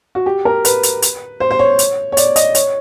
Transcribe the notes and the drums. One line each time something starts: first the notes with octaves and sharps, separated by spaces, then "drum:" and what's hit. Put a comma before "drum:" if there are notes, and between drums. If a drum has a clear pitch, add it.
F#4
G4
A#4
B4, drum: hi-hat
drum: hi-hat
drum: hi-hat
C5
C5
C#5
drum: hi-hat
C#5
D5, drum: hi-hat
D#5, drum: hi-hat
C#5, drum: hi-hat